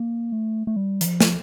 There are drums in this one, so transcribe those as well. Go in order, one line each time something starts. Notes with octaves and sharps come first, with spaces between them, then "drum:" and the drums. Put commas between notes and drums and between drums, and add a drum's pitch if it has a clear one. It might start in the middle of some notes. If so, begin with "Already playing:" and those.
Already playing: A#3
A3
A3
G3
E3, drum: hi-hat
F3
drum: snare